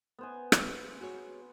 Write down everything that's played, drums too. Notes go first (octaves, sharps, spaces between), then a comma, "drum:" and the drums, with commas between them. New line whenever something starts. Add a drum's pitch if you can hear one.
B3 C5 G#5
drum: rim click
F#4 G#4 C#5